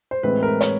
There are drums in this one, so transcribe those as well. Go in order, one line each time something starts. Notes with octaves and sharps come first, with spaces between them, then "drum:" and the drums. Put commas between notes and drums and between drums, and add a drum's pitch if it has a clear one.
C5
A2 E3 G#3 C4 B4
A#4
B4
C#5, drum: hi-hat